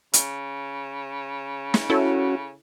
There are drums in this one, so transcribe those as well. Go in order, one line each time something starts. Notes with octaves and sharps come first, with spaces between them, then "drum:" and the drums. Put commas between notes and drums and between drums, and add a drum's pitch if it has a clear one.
C#3, drum: hi-hat
drum: snare
C#4 E4 F#4 A4 C#5